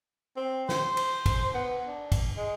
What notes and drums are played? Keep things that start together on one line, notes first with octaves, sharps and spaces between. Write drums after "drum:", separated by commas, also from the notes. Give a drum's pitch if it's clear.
C4
C5, drum: snare
drum: cymbal
drum: kick, cymbal
B3
D4
drum: kick, cymbal
G#3